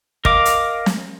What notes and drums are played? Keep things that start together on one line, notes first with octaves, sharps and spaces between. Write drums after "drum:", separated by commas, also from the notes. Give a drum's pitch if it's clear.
A#4 D#5 F5 D6, drum: kick
drum: hi-hat
drum: snare